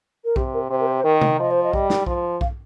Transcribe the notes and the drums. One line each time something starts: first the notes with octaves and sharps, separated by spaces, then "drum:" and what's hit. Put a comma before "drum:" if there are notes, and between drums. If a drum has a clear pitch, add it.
A#4
C3 G4, drum: kick B1
A#4
C3 C5
A#4
C5
C5
D#3 A#4
drum: tom C3
F3 D#5
C5
D#5
G3, drum: kick B1
drum: snare
F3, drum: kick B1
F5, drum: kick B1